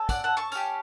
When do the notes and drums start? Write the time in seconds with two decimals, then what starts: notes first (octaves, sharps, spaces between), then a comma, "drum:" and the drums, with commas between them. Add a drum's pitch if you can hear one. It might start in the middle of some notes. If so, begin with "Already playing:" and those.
Already playing: C#4 A4
0.09 D5 F#5, drum: kick, tambourine
0.24 F#5 A5
0.37 A5 C#6
0.52 C#4 G4, drum: tambourine